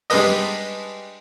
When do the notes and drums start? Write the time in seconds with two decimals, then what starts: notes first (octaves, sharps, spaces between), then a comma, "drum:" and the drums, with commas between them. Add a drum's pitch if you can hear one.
0.10 G3 G#3 D4 B4 D#5, drum: open hi-hat